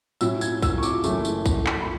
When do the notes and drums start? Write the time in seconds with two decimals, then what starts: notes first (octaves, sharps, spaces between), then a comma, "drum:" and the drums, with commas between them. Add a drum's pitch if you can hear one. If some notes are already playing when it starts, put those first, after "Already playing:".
0.21 A2 F#3 C#4 E4 E6, drum: tambourine
0.41 G#6, drum: tambourine
0.62 E6, drum: kick A#1, tambourine
0.78 C#6
0.83 D6, drum: tambourine
1.04 F#1 F#2 E3 A3 C#4, drum: tambourine
1.25 drum: tambourine
1.46 drum: kick A#1, tambourine
1.66 drum: clap
1.81 B5